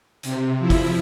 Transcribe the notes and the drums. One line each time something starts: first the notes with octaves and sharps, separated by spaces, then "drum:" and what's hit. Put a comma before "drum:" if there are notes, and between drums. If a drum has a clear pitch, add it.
C3, drum: hi-hat
F3 E4
drum: kick G1, open hi-hat